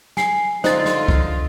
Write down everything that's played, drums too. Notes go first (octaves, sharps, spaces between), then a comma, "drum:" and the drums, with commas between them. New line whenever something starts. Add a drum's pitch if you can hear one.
G#5 C7, drum: snare
D3 D#4 F4 C5 A6, drum: snare
drum: snare
drum: kick C2